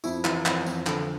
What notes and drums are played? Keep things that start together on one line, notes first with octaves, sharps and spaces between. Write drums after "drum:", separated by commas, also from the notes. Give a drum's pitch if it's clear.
F2 E4, drum: tambourine
E3, drum: clap
F2, drum: clap
F2, drum: tambourine
D3 A4, drum: clap